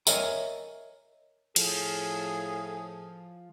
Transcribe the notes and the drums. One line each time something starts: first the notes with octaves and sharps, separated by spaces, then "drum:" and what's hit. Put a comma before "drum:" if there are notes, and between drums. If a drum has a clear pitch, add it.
A#4 C#5 D#5 E5 G#5 A#5, drum: tambourine
A2 F3 G#4, drum: cymbal